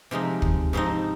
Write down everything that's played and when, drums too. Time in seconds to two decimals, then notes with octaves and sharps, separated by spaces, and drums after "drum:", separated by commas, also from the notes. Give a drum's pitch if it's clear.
0.11 C3 F3 G#3 D#4
0.42 drum: kick
0.73 G#2 F3 C4 D#4